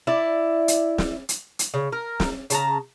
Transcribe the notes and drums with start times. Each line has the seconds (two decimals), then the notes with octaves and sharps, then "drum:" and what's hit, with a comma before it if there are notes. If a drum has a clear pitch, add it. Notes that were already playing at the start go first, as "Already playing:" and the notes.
0.07 E4 D5
0.68 drum: hi-hat
0.98 drum: snare
1.29 drum: hi-hat
1.59 drum: hi-hat
1.74 C#3
1.92 A#4
2.20 drum: snare
2.50 C#3 A5 A#5, drum: hi-hat